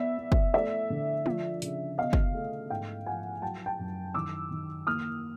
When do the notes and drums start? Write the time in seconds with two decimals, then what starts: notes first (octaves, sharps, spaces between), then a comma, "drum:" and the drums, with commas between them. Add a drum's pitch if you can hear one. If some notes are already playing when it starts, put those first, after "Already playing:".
Already playing: B3 D5 E5
0.18 B3
0.32 drum: kick
0.54 A3 D5 E5
0.90 D3
1.26 F3, drum: tom
1.62 C#3, drum: hi-hat
1.98 B2 D#5 F5
2.13 drum: kick
2.35 A3
2.70 G#2 F5 G5
3.06 F3 F#5 G#5
3.42 F#3 G5 A5
3.66 G5 A5
3.79 F#2
4.14 D#3 D6 E6
4.51 D#3
4.86 A#3 D#6 F6